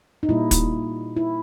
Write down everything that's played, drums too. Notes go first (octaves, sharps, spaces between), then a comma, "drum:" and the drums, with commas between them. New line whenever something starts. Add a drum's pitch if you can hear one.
D#4
A#2 G3 A#3 E4
drum: kick, hi-hat
E4